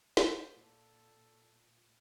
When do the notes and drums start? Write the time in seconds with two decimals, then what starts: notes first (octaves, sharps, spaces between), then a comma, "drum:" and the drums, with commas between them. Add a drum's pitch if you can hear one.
0.17 C5, drum: snare
0.57 A#2 A4